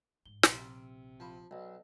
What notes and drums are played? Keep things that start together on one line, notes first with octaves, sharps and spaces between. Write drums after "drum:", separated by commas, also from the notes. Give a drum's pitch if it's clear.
G#2 G7
A#1 C3 C6 E6 F6, drum: snare
F3 A5 B5
B1 D5 D#5